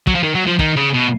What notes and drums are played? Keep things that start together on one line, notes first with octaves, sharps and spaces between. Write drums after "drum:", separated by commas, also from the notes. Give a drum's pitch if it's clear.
F#3, drum: kick
F3
D#3
F#3
F3
D#3, drum: kick
C#3
B2